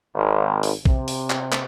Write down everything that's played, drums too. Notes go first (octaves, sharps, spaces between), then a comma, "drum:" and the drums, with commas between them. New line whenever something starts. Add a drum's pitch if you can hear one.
G#1
drum: open hi-hat
C3, drum: kick
drum: open hi-hat
drum: clap
drum: clap